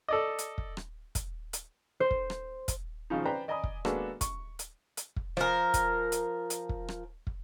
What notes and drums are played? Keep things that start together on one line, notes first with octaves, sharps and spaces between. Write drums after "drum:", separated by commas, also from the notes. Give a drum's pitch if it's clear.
A4 D5 D#5
drum: hi-hat
drum: kick
drum: rim click
drum: kick, hi-hat
drum: hi-hat
C5
drum: kick
drum: rim click
drum: kick, hi-hat
G#1 C#3 F3 D#4
B4 C5 D5 G5 A#5
D5 D#5 G#5 A#5 B5 D#6
drum: kick
G#3 A#3 B3 D4 F#4 A4, drum: rim click
C#6, drum: kick, hi-hat
drum: hi-hat
drum: hi-hat
drum: kick
F3 A#4, drum: rim click
drum: kick, hi-hat
drum: hi-hat
drum: hi-hat
drum: kick
drum: rim click
drum: kick